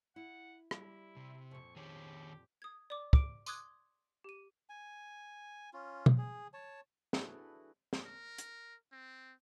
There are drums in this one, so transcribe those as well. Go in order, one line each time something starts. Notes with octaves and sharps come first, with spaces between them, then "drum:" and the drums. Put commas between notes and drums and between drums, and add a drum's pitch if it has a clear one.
E4 F#5
G3 E4, drum: rim click
C3
F2 A#2 C#6
D#3 G4 G#4 C#5
D#6 G#6
D5 D6
D6 D7, drum: kick
C6 D6 D#6 F#6 G#6, drum: tambourine
G4 D#7
G#5
C#4 F4
drum: tom B2
G#4
C#5 A5
D4 E4 F#4 G#4 A4 B4, drum: snare
drum: snare
A#4
drum: hi-hat
C4